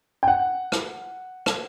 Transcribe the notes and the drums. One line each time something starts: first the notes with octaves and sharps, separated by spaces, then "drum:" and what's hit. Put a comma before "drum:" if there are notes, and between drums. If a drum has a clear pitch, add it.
G5
F#5
drum: rim click
drum: rim click